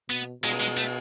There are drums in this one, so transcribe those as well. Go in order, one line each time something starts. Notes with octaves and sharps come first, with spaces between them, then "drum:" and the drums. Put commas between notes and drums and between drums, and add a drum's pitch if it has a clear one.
B2 B3
B2 G#3, drum: cymbal
G#3
A3